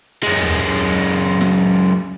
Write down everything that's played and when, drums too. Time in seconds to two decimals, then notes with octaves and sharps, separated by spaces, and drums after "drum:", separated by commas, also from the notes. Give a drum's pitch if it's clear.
0.23 F#2 G#3, drum: hi-hat
0.43 drum: tom D#2
1.41 drum: snare